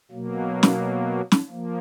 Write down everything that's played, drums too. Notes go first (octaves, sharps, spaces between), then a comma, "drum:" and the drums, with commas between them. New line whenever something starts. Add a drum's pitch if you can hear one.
B2 F#3 A#3
drum: snare
drum: snare
F3 A#3